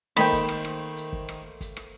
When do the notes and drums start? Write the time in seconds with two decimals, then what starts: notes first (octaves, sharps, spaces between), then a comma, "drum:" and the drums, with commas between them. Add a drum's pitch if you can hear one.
0.17 D#3 A3 A#3 C5 D#5 G5 B5
0.33 drum: kick, hi-hat
0.49 drum: rim click
0.65 drum: rim click
0.97 drum: hi-hat
1.13 drum: kick
1.29 drum: rim click
1.61 drum: kick, hi-hat
1.77 drum: rim click